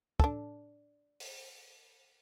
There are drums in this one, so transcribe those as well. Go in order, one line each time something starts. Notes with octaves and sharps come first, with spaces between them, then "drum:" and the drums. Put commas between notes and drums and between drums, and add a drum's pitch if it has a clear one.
D4 A4, drum: kick
drum: open hi-hat